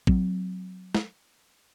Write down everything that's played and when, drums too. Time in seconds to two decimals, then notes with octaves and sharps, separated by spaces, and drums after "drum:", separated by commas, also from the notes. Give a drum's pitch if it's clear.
0.07 F#3 C4, drum: kick
0.95 drum: snare